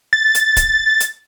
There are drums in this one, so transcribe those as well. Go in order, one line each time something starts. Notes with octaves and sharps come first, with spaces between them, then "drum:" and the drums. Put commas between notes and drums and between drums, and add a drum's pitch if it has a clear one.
A6
drum: hi-hat
drum: kick D1, hi-hat
drum: hi-hat